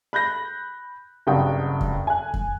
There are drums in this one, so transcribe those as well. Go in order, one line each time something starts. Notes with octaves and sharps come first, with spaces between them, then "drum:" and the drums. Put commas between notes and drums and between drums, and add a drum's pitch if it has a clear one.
B5 F#6 G6 A#6
F#1 G2 C4 F#4 G5 D#6
drum: kick F2
G#5 F#6
drum: kick F2